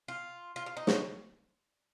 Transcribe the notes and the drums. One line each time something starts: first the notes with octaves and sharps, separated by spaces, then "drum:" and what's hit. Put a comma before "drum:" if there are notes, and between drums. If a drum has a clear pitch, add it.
F4
F4
F4
D#4
C#4, drum: snare